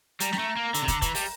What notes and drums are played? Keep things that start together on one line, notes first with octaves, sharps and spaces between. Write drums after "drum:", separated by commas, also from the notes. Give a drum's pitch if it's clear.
G3 A#5, drum: hi-hat
G3, drum: snare
A3
A#3
D3, drum: hi-hat
C3
D3, drum: kick, hi-hat
E3, drum: kick, hi-hat
G3, drum: open hi-hat